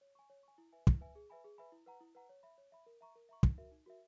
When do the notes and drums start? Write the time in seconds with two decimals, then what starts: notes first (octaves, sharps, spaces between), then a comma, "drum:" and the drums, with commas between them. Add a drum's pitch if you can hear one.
0.01 C#5
0.15 G#5 C#6
0.30 C#5
0.43 G#5 C#6
0.58 E4
0.73 B4 E5 G#5
0.87 E4, drum: kick
1.01 B4 E5 G#5
1.15 G#4
1.30 B4 E5 G#5 B5
1.44 G#4
1.58 B4 E5 G#5 B5
1.72 E4
1.86 B4 F#5 A#5
2.01 E4
2.15 B4 F#5 A#5
2.29 C#5
2.43 E5 B5
2.58 C#5
2.72 E5 B5
2.86 A#4
3.01 E5 A#5 C#6
3.16 A#4
3.29 E5 A#5 C#6
3.43 D#4, drum: kick
3.58 F#4 A#4 E5
3.71 D#4
3.86 F#4 A#4 E5